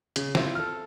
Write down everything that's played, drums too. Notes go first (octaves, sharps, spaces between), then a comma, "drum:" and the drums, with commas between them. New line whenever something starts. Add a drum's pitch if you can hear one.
C#3, drum: hi-hat
C4 E4 F4, drum: snare
A4 F6